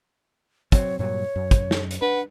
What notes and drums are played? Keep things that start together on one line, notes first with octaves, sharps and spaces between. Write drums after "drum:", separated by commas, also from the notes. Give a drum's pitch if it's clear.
F#3 C4 C#5, drum: kick, hi-hat
G2 A#2 F#3 C#5
F#2
drum: kick, hi-hat
drum: snare
drum: hi-hat
D4 B4 F#5